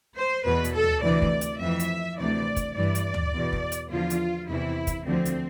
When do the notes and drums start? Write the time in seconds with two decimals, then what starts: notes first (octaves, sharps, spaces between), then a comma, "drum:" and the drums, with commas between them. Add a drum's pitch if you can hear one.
0.17 C5
0.45 E2 B2 B4
0.64 drum: hi-hat
0.74 A4
0.84 drum: tom D2
1.02 D2 C3 E3 D5
1.22 drum: kick
1.41 drum: hi-hat
1.60 F2 E3 E5
1.80 drum: hi-hat
2.17 D2 C3 E3 D5
2.56 drum: kick, hi-hat
2.75 G2 E3 D5
2.95 drum: hi-hat
3.14 drum: tom D2
3.33 E2 B2
3.52 drum: kick
3.72 drum: hi-hat
3.91 E2 D3 F3 F4
4.10 drum: hi-hat
4.49 E2 C3 E3 E4
4.87 drum: kick, hi-hat
5.06 D2 D3 F3 C4
5.25 drum: hi-hat